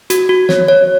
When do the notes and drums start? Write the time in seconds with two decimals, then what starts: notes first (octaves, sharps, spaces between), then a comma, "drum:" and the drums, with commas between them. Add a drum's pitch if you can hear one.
0.10 F#4, drum: hi-hat
0.29 F#4
0.49 C#5, drum: snare
0.68 C#5